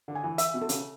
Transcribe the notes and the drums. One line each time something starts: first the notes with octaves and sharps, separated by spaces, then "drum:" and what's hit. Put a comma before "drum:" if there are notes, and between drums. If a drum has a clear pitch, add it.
D3
G#5
E3
E5, drum: hi-hat
B2
A4
C#3, drum: hi-hat